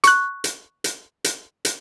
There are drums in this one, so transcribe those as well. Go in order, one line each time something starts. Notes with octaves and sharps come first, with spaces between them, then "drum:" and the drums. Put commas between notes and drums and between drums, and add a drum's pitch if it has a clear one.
C#6 F#6, drum: hi-hat
drum: hi-hat
drum: hi-hat
drum: hi-hat
drum: hi-hat